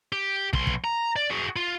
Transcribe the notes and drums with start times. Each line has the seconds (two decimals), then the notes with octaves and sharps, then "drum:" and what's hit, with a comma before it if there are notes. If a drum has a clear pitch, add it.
0.12 G4
0.53 B1 C6, drum: kick
0.67 drum: kick
0.84 A#5
1.16 D5
1.30 F#4 G#4
1.56 F4